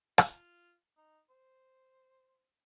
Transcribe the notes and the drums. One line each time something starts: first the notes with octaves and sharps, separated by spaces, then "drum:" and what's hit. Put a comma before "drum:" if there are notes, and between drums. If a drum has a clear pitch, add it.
F4, drum: rim click
D#4
C5